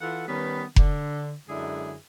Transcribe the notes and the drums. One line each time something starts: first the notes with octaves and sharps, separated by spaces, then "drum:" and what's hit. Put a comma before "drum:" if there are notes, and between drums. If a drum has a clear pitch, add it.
E3 F4 A4 F#5
D#3 G3 B3 C#4 B4
D3, drum: kick F1
F#2 D3 G#3 E4 G#4